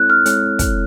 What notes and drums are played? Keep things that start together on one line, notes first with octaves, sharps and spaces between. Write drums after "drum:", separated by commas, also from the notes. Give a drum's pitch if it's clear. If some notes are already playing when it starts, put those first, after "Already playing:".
Already playing: G#3 C4 E4 A4 C#5 F#6
F6
G#3 C4 E4 A4 C#5, drum: hi-hat
drum: kick, hi-hat